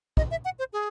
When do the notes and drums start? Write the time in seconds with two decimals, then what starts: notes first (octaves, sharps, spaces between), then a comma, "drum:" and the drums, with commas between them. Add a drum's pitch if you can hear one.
0.17 D#5, drum: kick
0.31 E5
0.45 F#5
0.59 C5
0.73 G#4